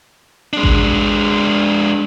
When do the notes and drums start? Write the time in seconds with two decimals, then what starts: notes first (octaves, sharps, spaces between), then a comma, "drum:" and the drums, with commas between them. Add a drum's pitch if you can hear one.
0.53 G#3 D4
0.63 drum: kick A1